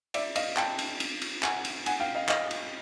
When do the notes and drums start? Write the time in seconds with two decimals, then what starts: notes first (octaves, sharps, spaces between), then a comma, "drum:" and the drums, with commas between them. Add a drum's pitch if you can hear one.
0.14 D5 E5, drum: cymbal
0.36 D#5 F5, drum: cymbal
0.57 G5 A5, drum: clap
0.79 drum: cymbal
1.00 drum: cymbal
1.22 drum: cymbal
1.43 F#5 G#5, drum: clap
1.65 drum: cymbal
1.86 F#5 G#5, drum: cymbal
2.00 F5 G5
2.15 D#5 F5
2.29 D#5 F5, drum: clap
2.51 drum: cymbal